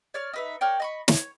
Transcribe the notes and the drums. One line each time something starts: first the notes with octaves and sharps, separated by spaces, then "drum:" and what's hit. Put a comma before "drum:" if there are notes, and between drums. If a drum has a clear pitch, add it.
C#5 D5 F6
D#4 B4 E5
A#4 C#5 D5 G5
D#5 B5 C#6
C#5, drum: snare